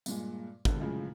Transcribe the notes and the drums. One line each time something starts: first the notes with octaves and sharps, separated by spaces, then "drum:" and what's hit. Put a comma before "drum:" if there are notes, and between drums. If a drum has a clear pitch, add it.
G2 A#2 G#3, drum: tambourine
E1 D3, drum: kick
F#2 A2 C#3 F3 G#3